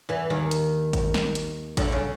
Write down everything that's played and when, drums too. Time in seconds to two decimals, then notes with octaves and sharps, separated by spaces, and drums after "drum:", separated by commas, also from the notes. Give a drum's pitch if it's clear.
0.09 E2 E3
0.30 D#2 D#3
0.51 drum: hi-hat
0.93 drum: kick A1, hi-hat
1.14 drum: snare
1.35 drum: hi-hat
1.77 D2 D3, drum: kick A1, hi-hat
1.92 C#3